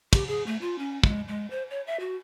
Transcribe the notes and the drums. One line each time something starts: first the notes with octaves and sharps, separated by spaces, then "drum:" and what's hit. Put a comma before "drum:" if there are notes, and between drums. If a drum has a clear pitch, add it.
G4, drum: kick, cymbal
G#4
A3
F4
C#4
G#3, drum: kick
G#3
C5
C#5
E5
F#4